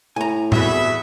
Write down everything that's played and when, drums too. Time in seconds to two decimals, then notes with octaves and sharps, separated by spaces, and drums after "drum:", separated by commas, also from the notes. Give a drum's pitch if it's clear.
0.16 A2 G#5 A#5
0.52 E2 G3 F#4 G#4 B4 E5, drum: tom A2